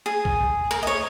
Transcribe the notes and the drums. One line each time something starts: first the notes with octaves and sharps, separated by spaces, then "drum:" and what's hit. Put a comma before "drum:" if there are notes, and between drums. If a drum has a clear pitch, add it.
G#4
drum: kick B1
A#4
D#5
C#5